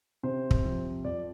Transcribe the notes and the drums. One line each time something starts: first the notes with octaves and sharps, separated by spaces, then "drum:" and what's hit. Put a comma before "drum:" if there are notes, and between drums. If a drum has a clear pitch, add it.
C3 C5
drum: kick
F3
F2 D5